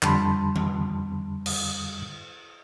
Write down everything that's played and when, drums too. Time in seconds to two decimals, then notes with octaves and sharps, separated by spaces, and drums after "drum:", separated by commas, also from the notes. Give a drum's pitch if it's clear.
0.02 F2 D3 G3 A5 B5 C6, drum: clap
0.56 drum: tom D#3
1.46 drum: cymbal